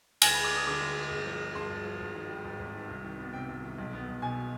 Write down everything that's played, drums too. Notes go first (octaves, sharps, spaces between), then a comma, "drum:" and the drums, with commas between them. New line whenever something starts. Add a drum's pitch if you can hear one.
D2 G#5, drum: cymbal
G#3 B5
D6
D4 D#6
D3 D6
D2
G#3
G1
F3
G#3
G2 C6
G1
F3
G#1
D#3
G3
G#2
G#1
D#3
C2
D#3
B3
C3 G5
C2
D#3
B1
B3
B1
B2 G#5